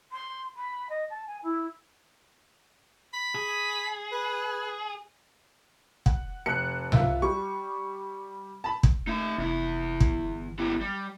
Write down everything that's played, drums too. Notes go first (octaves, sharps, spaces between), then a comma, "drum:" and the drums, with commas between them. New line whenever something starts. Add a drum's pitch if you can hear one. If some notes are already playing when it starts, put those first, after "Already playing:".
C6
B5
D#5
A5
G#5
E4
B5
G#4
B4
F#5, drum: kick
F1 A5 F#6 C#7
F4 E5, drum: tom C2
G3 C#6
A5 B5
drum: kick
A3 D#4 E5
F1 E2 E4
G1, drum: kick
B3 E4 G4
G3